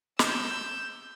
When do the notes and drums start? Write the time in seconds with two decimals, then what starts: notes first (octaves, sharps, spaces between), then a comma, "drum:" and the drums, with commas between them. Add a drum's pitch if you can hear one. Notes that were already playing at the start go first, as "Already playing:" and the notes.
0.19 E6 G6, drum: snare